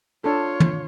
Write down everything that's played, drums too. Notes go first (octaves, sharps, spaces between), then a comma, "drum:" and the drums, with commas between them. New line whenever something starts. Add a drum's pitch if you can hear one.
D4 F4 A4 C#5
drum: tom